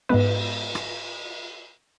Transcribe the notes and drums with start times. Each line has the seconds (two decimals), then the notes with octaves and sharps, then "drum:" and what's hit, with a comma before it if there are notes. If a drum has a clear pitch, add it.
0.09 G#2 G#3 B3 B4, drum: cymbal
0.75 drum: rim click